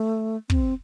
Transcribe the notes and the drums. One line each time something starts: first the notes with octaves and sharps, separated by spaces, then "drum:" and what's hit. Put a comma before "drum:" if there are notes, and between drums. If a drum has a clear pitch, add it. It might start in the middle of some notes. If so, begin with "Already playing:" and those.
Already playing: A3
C4, drum: kick